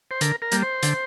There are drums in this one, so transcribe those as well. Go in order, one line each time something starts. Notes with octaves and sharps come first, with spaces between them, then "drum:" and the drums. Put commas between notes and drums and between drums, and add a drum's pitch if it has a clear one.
C5
D3 A#4, drum: hi-hat
A#4
G3 A#3, drum: hi-hat
C5
D3, drum: hi-hat